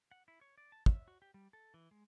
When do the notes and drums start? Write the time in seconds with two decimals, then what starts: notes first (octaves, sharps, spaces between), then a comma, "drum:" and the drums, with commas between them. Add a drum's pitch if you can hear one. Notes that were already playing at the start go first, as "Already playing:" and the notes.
0.11 F#5
0.28 E4
0.41 C#5
0.58 D5
0.72 A5
0.86 E5, drum: kick
1.08 F#4
1.22 G4
1.34 G3
1.53 A4
1.74 E3
1.91 G#3